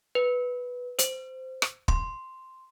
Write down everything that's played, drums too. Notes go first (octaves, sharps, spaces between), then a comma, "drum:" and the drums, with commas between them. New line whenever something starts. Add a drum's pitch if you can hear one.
B4
C5, drum: hi-hat
drum: rim click
C6, drum: kick